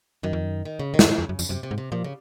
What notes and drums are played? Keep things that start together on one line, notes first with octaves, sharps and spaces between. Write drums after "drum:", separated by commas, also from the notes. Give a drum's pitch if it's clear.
F#2 D#3
F2
F#2
D#3
C#3
D#3
F#2, drum: snare
G#2 C#3
F2
F#2
F2, drum: tambourine
F#2 C3
C3
G#2
C3
A#2 F3
C#3